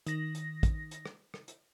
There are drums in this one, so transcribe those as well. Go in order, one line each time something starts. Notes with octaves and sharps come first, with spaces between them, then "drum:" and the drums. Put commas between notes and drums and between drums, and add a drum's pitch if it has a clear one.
D#3 A#6, drum: hi-hat
drum: hi-hat
drum: kick, hi-hat
drum: hi-hat
drum: rim click
drum: rim click
drum: hi-hat